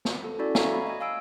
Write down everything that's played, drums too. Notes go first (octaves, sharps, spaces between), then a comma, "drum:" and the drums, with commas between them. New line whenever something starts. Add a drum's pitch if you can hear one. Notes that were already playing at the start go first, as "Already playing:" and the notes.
drum: snare
A4
C#4 E4 F#4 A4 D5
C#5 E5 F5 G#5 A#5 C#6, drum: snare
B5
D#5 G#5
F5 G#5 E6 D7